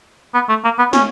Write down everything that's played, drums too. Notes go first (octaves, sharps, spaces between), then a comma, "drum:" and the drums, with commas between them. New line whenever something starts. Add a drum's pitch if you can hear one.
B3
A3
A#3
B3
C#4, drum: snare